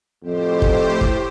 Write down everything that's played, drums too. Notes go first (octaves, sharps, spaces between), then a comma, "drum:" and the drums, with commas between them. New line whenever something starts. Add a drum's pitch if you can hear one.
F2 A2 G4 C5
drum: kick
drum: kick